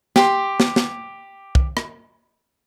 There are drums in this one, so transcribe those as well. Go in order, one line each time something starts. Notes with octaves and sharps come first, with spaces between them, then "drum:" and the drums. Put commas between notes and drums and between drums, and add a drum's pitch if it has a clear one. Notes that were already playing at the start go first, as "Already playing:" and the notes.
G4 C6, drum: snare
drum: snare
drum: snare
drum: kick
drum: rim click